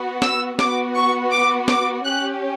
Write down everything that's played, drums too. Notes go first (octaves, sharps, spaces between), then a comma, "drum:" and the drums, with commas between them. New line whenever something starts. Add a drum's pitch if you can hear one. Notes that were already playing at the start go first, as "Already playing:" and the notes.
Already playing: B3 F#4
E6, drum: snare
B3 F#4 D6, drum: snare
C#6
D6
D6, drum: snare
C#4 G4 F#6